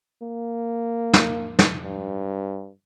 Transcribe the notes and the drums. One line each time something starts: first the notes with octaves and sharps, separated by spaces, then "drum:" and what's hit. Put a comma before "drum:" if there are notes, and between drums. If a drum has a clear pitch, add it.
A#3
drum: snare
drum: snare
G2